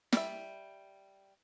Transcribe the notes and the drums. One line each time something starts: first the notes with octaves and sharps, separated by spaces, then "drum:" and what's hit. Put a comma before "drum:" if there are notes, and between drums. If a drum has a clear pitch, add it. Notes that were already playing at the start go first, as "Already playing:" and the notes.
G3 E5, drum: snare